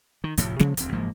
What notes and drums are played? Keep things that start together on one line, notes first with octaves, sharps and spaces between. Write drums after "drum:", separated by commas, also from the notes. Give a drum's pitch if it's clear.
D#3
F1 D2 A2 F3, drum: hi-hat
C3 F3 G#3 A#3, drum: snare
D#1 D2 C4, drum: hi-hat
F#1 G#2 F3 A#3